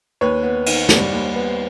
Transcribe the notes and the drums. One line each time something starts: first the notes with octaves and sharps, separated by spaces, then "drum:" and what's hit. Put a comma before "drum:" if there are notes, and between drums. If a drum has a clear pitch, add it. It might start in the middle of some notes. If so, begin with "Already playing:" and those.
D#2 B4 C#5
B3
D#3, drum: cymbal
G3, drum: snare
D#2
B3